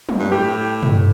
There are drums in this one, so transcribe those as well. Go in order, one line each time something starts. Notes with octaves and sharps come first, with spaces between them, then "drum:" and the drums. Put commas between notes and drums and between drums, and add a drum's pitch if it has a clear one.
drum: tom
G2
A2 G4
drum: tom